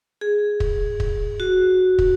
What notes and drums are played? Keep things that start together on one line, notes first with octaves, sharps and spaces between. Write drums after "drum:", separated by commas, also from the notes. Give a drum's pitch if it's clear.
G#4
drum: kick
drum: kick
F#4
drum: kick